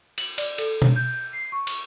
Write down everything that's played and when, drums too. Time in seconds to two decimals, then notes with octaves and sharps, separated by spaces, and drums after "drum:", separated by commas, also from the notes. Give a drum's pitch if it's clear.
0.18 F#7, drum: cymbal
0.38 D5, drum: cymbal
0.58 A4, drum: cymbal
0.82 drum: tom B2
0.96 G6
1.33 C7
1.52 C#6
1.67 drum: cymbal